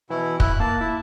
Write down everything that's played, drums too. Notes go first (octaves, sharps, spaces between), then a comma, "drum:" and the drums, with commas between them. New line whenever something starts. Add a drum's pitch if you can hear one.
B2 E3 E4
E4 F#6, drum: kick
A#3 A5
E4